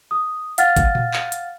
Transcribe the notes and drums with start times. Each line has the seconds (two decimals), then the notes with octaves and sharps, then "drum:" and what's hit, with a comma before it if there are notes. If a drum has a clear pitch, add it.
0.11 D#6
0.58 F5 F#5 F6 A6, drum: hi-hat
0.76 drum: kick, hi-hat
0.95 drum: tom A#2
1.14 drum: clap
1.32 drum: hi-hat